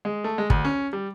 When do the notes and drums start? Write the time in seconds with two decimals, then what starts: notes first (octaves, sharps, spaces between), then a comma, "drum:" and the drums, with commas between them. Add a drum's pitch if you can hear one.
0.05 G#3
0.24 A3
0.38 G#3
0.50 D2, drum: kick
0.65 C#4
0.93 G3